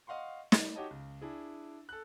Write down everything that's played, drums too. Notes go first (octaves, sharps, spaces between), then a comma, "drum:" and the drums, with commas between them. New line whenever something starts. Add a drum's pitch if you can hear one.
D#5 F5 F#5 C6 C#6
G3, drum: snare
D#4 F#4 G4 C#5 D#5 A5
C#2
D4 E4 G#4
A4 F#6